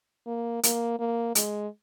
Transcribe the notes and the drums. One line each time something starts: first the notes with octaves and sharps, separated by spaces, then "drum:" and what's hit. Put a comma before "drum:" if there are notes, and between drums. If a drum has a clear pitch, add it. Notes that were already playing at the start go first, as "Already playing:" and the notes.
A#3
A#3, drum: hi-hat
A#3
G#3, drum: hi-hat